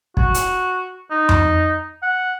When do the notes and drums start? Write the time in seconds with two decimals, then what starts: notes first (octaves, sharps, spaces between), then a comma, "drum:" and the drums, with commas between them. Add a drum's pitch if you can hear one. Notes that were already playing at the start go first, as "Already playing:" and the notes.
0.17 F#4, drum: kick
0.34 drum: hi-hat
1.11 D#4
1.29 drum: tom F2
2.02 F#5